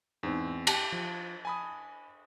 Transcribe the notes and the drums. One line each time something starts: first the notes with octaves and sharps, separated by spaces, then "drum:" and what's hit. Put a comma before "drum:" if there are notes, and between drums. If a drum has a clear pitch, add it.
E2 G#2 C4
G4 A5, drum: cymbal
F3
G#5 B5 D#6